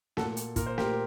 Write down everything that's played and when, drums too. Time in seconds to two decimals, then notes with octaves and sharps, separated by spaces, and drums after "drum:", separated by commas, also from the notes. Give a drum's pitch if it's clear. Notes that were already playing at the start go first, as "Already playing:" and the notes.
0.17 A#2 F#4 A4, drum: snare
0.37 drum: hi-hat
0.56 A#2 A#4, drum: kick, hi-hat
0.66 C5
0.78 G4 A#4, drum: snare